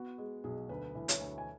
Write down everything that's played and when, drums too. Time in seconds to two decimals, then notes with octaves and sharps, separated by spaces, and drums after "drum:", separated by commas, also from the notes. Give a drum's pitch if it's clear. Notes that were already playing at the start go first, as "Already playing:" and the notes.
Already playing: B3 F#4
0.18 G#3
0.44 B1 G#4
0.69 D2 B4
0.95 E3 B4
1.08 C#5, drum: hi-hat
1.20 D2
1.38 G#5